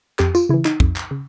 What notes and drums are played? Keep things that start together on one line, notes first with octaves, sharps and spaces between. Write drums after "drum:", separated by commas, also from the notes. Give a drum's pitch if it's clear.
F2 G4, drum: clap
F4, drum: tambourine
C#3 E3 E4
D#4, drum: clap
F2, drum: kick
drum: clap
C#3